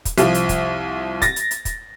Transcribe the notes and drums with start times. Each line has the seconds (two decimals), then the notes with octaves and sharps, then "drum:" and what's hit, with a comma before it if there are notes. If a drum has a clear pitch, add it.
0.05 drum: kick, hi-hat
0.18 C2 F3, drum: hi-hat
0.34 drum: hi-hat
0.49 drum: kick, hi-hat
1.22 A6 A#6, drum: kick, hi-hat
1.36 drum: hi-hat
1.51 drum: hi-hat
1.65 drum: kick, hi-hat